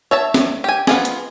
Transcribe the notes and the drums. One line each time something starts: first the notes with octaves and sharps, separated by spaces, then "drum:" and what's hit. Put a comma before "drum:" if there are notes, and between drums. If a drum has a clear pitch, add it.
C#5 E5 A5
drum: snare
G4 G#5
B3 F4 G#4, drum: snare
drum: hi-hat